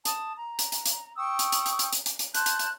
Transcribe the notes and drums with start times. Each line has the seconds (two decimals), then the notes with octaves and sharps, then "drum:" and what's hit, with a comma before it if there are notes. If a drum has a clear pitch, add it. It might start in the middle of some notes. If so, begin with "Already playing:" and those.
0.05 A5 D#6, drum: hi-hat
0.37 A#5
0.59 drum: hi-hat
0.72 drum: hi-hat
0.86 drum: hi-hat
1.17 G5 C#6 D#6 E6
1.39 drum: hi-hat
1.52 drum: hi-hat
1.66 drum: hi-hat
1.79 drum: hi-hat
1.93 drum: hi-hat
2.06 drum: hi-hat
2.19 drum: hi-hat
2.35 A5 C6 F#6 G6, drum: hi-hat
2.46 drum: hi-hat
2.59 drum: hi-hat